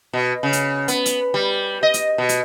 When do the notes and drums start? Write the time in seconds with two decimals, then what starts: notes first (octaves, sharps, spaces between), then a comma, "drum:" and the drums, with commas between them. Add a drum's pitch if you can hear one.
0.13 B2
0.43 C#3
0.53 drum: hi-hat
0.88 B3, drum: hi-hat
1.06 drum: hi-hat
1.34 G3
1.83 D#5
1.94 drum: hi-hat
2.18 B2
2.29 drum: hi-hat